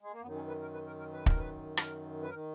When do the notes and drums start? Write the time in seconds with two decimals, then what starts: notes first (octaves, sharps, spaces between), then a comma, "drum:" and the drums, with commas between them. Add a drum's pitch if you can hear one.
0.02 G#3
0.11 A#3
0.22 F#2 D#3 B3
0.35 C#4
0.48 B4
0.62 A#4
0.73 B4
0.87 A#4
0.99 A#4
1.12 B4
1.26 A#4, drum: kick
1.38 B4
1.77 A#4, drum: rim click
2.22 B4
2.29 D#3 A#4